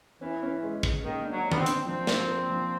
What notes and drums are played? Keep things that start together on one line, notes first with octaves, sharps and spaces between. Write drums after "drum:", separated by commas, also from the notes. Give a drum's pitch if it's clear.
E3 C#4
C#4
G#3
G#3, drum: kick
D#3 A#3
D4
F#3
D4
B3, drum: tom D#3
C4
D4, drum: hi-hat
F3 C4
F3, drum: snare
A#3
F3